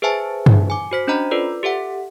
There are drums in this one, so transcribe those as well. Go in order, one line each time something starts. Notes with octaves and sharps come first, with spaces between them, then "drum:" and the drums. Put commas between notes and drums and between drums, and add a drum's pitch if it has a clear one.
G#4 B4 C5 E5 G#5 A5
drum: tom G2
G#5 D6
F#4 C5 B6
C#4 D4 C5 D#5 A#5 B5
F4 A4 B4 D5
G4 A4 E5 F#5